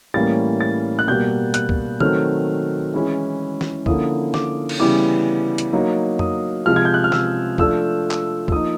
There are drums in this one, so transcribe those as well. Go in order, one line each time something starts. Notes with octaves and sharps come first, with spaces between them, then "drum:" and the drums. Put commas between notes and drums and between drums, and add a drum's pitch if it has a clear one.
A2 E3 G3 A#3 C#4 A6
A6
F#6
B2 G3 A#3 G6
F#6, drum: hi-hat
drum: kick
D#3 F#3 A3 C4 F6, drum: tom
E3 G#3 C#4 E4
drum: snare
D3 F3 A#3 C#4 E4 D#6, drum: kick
D6, drum: snare
drum: cymbal
C#3 E3 G3 B3 E4 D6
drum: hi-hat
F#3 A#3 D#4
D#6, drum: tom F2
C3 F3 G#3 F6
G#6
G6
F#6
F6
E6, drum: snare
F3 A3 D4 E6, drum: kick
drum: clap
E6, drum: kick
F3 A#3 D#4 D#6